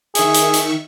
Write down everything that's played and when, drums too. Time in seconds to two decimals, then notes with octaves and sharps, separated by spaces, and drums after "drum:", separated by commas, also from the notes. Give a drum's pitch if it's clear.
0.15 D#3 G#4 E5 C#6, drum: hi-hat
0.34 drum: hi-hat
0.53 drum: hi-hat